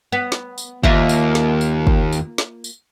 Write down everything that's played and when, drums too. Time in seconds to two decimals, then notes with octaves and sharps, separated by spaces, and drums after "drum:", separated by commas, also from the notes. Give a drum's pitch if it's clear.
0.12 B3
0.32 drum: snare
0.58 drum: tambourine
0.83 D#2 A#3 F4 E5, drum: kick
1.09 drum: tambourine
1.35 drum: snare
1.61 drum: tambourine
1.87 drum: kick
2.13 drum: tambourine
2.38 drum: snare
2.64 drum: tambourine